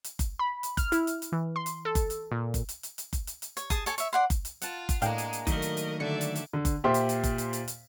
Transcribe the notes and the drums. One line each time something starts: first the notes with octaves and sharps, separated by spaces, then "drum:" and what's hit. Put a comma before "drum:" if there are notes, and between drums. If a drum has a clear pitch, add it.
drum: hi-hat
drum: kick F#1, hi-hat
B5
drum: hi-hat
F6, drum: kick F#1, hi-hat
E4, drum: hi-hat
drum: hi-hat
drum: hi-hat
E3
C6
drum: hi-hat
A4
drum: kick F#1, hi-hat
drum: hi-hat
A#2
drum: kick F#1, hi-hat
drum: hi-hat
drum: hi-hat
drum: hi-hat
drum: kick F#1, hi-hat
drum: hi-hat
drum: hi-hat
C#5, drum: hi-hat
G#4 G#5 A5 D#6, drum: kick F#1, hi-hat
A4 C#5 G#5 A5, drum: hi-hat
C#5 E5, drum: hi-hat
D5 F#5 C6
drum: kick F#1, hi-hat
drum: hi-hat
F4 F#5 A5, drum: hi-hat
drum: kick F#1, hi-hat
A2 G#3 A#3 D4 G#4 F5 G5, drum: hi-hat
drum: hi-hat
drum: hi-hat
D#3 F#3 A3 A#4 D#5, drum: kick F#1, hi-hat
drum: hi-hat
drum: hi-hat
D3 A4 D5 E5 C#7
drum: hi-hat
drum: hi-hat
D3
drum: kick F#1, hi-hat
A#2 G4 C5 E5 C6
drum: hi-hat
drum: hi-hat
drum: kick F#1, hi-hat
drum: hi-hat
drum: hi-hat
drum: hi-hat